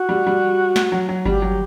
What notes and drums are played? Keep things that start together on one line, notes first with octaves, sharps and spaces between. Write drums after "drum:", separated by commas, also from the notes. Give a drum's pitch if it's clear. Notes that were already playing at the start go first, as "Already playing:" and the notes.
Already playing: F#4
G3
G3
drum: snare
F#3
F#3
G3 G4, drum: kick G1
F#3